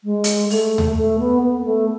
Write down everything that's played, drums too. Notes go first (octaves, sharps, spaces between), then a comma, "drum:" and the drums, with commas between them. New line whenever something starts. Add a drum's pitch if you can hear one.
G#3
drum: hi-hat
A3, drum: open hi-hat
drum: tom D#2
A3
B3
B3
B3
A3